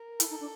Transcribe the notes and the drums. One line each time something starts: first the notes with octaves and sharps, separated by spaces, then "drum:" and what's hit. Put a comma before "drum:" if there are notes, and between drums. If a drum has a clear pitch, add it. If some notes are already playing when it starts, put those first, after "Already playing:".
Already playing: A#4
E4 A4, drum: hi-hat
D#4
D4